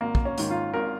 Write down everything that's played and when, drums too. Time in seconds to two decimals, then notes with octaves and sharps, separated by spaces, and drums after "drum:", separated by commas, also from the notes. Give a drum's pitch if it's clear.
0.01 G#1 A#3
0.15 drum: kick
0.25 C#4
0.38 G#2 D#3, drum: hi-hat
0.50 F4
0.74 G#1 A#4